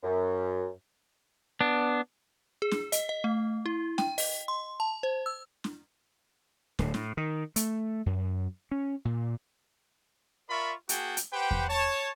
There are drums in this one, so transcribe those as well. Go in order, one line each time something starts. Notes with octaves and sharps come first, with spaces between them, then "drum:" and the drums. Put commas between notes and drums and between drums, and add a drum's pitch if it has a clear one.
F#2
B3 D4
G#4
drum: snare
D#5, drum: hi-hat
D#5
A3
E4
G5, drum: snare
D#5, drum: open hi-hat
C6
A5
C5
E6
drum: snare
D1, drum: snare
A2, drum: snare
D#3
A3, drum: hi-hat
F#2
C#4
A#2
F4 A#4 D5 E5 B5 C#6
A#3 F#4 G#4 G5 A5, drum: hi-hat
drum: hi-hat
G4 B4 C5 F#5 G5
drum: kick E2
C#5 A5